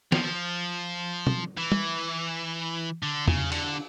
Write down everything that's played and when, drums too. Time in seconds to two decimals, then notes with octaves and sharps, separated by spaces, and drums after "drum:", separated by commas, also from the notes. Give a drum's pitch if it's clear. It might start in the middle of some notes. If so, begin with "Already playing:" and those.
0.12 F3, drum: snare
1.27 drum: tom
1.58 E3
1.72 drum: tom
3.03 D3
3.28 C#3, drum: tom
3.52 D3, drum: cymbal